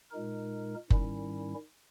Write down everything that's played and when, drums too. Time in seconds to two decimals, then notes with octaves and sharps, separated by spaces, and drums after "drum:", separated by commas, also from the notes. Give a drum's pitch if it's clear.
0.11 A#2 G#3 D#4 A#4
0.90 G#2 D#3 G3 C#4 E4, drum: kick F#1